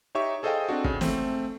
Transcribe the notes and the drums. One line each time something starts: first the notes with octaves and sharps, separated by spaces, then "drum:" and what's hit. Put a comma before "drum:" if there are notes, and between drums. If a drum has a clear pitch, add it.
D#4 G4 C#5 E5 C#6
G#4 A4 C5 D#5 F5 G5
C4 D4 F#4
C#3, drum: kick
A3 C4, drum: snare